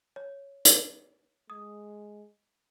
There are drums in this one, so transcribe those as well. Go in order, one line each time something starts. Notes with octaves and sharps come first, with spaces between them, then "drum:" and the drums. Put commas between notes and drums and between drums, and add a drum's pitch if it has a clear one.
C#5
drum: hi-hat
G#3 D#6